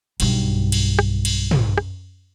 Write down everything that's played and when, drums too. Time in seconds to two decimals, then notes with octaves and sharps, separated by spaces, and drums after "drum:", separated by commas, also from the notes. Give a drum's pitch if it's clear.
0.20 B1 G2, drum: cymbal
0.72 drum: cymbal
0.99 drum: rim click
1.25 drum: cymbal
1.51 drum: tom
1.78 drum: rim click